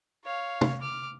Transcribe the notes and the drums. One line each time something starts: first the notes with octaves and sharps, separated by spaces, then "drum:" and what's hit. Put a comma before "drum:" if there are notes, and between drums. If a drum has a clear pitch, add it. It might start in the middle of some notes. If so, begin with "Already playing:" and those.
C#5 F5
drum: tom
D6 F6